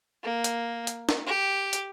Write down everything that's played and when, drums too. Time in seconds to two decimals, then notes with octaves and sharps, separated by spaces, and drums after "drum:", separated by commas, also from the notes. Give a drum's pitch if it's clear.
0.23 A#3
0.44 drum: hi-hat
0.87 drum: hi-hat
1.09 drum: snare
1.26 G4
1.73 drum: hi-hat